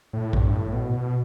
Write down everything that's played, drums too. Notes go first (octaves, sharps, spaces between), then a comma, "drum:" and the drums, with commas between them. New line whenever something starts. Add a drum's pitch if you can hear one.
A2
G2, drum: kick
A2
B2
B2